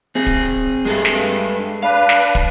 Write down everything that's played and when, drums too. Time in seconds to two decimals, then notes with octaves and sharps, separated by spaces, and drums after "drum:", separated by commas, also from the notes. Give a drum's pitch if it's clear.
0.15 C4 G#4
0.27 drum: kick
0.85 G2 G#3 G#4 A4
1.05 drum: snare
1.83 D4 B4 F5
2.09 drum: snare
2.35 drum: kick